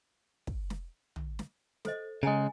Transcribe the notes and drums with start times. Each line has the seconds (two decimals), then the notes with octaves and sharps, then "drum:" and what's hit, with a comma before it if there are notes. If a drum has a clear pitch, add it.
0.47 drum: kick
0.70 drum: snare
1.16 drum: tom
1.39 drum: snare
1.85 A4 C5 D#5, drum: snare
2.23 C#3 G#3 D#5 G#5 A#5